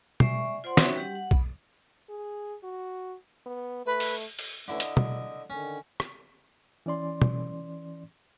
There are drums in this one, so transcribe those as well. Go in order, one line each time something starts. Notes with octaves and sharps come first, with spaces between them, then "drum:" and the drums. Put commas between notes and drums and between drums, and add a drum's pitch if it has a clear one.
G#3 D5 E5 C#6, drum: tom B2
F4 C5 D5 F#5 C6
C#4 D#4 F#4 G#4 C#5 E5, drum: snare
G3 G4 F#5
F#5
B5, drum: kick B1
G#4
F#4
B3
A3 B4
drum: open hi-hat
drum: open hi-hat
D3 E3 A3 C#4 E4
D#5, drum: hi-hat
drum: tom B2
D3 D#3 C#4
drum: rim click
E3 C#4 D5 C6
drum: tom B2